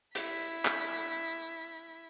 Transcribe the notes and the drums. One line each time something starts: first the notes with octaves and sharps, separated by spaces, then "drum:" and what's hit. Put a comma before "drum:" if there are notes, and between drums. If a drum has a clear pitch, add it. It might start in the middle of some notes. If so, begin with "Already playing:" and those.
E4 B6, drum: hi-hat
drum: clap